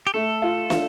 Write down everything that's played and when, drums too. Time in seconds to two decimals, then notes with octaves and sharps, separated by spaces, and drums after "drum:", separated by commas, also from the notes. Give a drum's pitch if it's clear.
0.07 G4
0.14 A3 A4
0.42 F4
0.70 F4, drum: snare